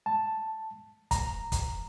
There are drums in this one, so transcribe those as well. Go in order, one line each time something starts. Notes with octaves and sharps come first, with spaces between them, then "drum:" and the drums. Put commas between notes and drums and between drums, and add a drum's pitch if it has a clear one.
A5
A#5, drum: kick, hi-hat
drum: kick, hi-hat